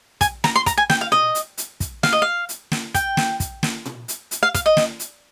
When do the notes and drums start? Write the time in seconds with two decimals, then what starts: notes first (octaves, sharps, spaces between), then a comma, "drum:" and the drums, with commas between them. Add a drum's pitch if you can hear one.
0.21 G#5, drum: kick, hi-hat
0.44 A#5, drum: snare
0.56 C6
0.66 A#5, drum: kick, hi-hat
0.78 G#5
0.90 G5, drum: snare
1.01 F5
1.12 D#5, drum: tom A#2
1.35 drum: hi-hat
1.58 drum: hi-hat
1.80 drum: kick, hi-hat
2.03 F5, drum: snare
2.13 D#5
2.22 F5
2.49 drum: hi-hat
2.72 drum: snare
2.94 G5, drum: kick, hi-hat
3.17 drum: snare
3.40 drum: kick, hi-hat
3.63 drum: snare
3.86 drum: tom A#2
4.08 drum: hi-hat
4.31 drum: hi-hat
4.43 F5
4.54 F5, drum: kick, hi-hat
4.66 D#5
4.77 drum: snare
4.99 drum: hi-hat